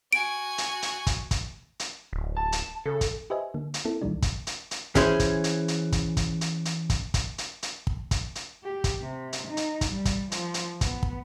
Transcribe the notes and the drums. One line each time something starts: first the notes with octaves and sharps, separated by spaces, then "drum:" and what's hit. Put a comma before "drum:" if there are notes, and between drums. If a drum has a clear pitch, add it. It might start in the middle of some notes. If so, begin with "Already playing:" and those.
F#4 G#5 D7
drum: hi-hat
drum: hi-hat
drum: kick, hi-hat
drum: kick, hi-hat
drum: hi-hat
D1
A5
drum: hi-hat
C#3 A4
drum: kick, hi-hat
G4 B4 C5 D#5 E5 G#5
D3 A#3
drum: hi-hat
A#3 C4 E4 A4
C2 A#2 D#3 E3 G3 D4
drum: kick, hi-hat
drum: hi-hat
drum: hi-hat
E3 C#4 G#4 C5, drum: kick, hi-hat
drum: kick, hi-hat
drum: hi-hat
drum: hi-hat
drum: kick, hi-hat
drum: kick, hi-hat
drum: hi-hat
drum: hi-hat
drum: kick, hi-hat
drum: kick, hi-hat
drum: hi-hat
drum: hi-hat
drum: kick
drum: kick, hi-hat
drum: hi-hat
G4
drum: kick, hi-hat
C3
drum: hi-hat
D#4
drum: hi-hat
drum: kick, hi-hat
G3
drum: kick, hi-hat
F3, drum: hi-hat
drum: hi-hat
B3, drum: kick, hi-hat
drum: kick